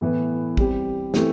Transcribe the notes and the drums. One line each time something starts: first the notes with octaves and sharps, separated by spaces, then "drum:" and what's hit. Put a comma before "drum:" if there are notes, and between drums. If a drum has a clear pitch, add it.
A2 E3 B3
G3 C4 G4, drum: kick
E3 A3 C4 E4 G4, drum: snare